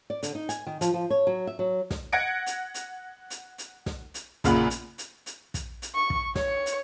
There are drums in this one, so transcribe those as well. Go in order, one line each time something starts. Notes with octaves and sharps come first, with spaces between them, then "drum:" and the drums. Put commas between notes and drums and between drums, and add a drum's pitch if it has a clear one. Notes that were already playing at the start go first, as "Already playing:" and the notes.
D5
D3, drum: hi-hat
D#4
G#5, drum: hi-hat
D#3
F3, drum: hi-hat
F3
C#5
F#3
E5
F#3
drum: snare
F#5 G#6 A#6 C#7 D7
drum: hi-hat
drum: hi-hat
drum: hi-hat
drum: hi-hat
drum: snare
drum: hi-hat
F#2 A#2 C#3 F4 F#5 B5, drum: kick, hi-hat
drum: hi-hat
drum: hi-hat
drum: hi-hat
drum: kick, hi-hat
drum: hi-hat
C#6
drum: kick
C#5 C#6, drum: snare
drum: hi-hat